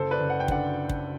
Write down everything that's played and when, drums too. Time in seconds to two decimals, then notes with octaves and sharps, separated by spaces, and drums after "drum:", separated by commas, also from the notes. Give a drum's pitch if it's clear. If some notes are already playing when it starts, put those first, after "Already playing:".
Already playing: F#1 A4 C5
0.11 B4 D5
0.20 F#1
0.30 F#5
0.40 G5
0.48 D3 D5 F#5, drum: kick
0.89 drum: kick